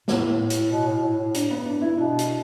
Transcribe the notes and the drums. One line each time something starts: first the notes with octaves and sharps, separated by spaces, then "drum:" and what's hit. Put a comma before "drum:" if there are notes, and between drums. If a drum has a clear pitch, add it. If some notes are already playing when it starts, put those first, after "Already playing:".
A2, drum: snare
A2
drum: hi-hat
B2
A2
A2
A2
D4, drum: hi-hat
B3
D4
E4
B2 D4
drum: hi-hat